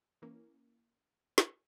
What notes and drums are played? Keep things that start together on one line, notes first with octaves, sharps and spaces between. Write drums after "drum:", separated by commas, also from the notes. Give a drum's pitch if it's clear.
E3 A#3 C#4
drum: snare